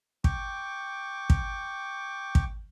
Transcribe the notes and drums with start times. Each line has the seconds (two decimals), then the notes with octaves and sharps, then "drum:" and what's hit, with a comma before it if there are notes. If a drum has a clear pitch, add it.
0.24 G5 C#6 D6, drum: kick
1.30 drum: kick
2.35 drum: kick